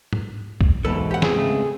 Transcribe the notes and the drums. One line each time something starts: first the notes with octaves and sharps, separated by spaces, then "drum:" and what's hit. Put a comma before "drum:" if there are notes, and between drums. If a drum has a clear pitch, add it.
drum: tom
drum: kick
E2 G#2 B2 A4 B4
G4 F#5
C4 G#4, drum: snare
C#2 A3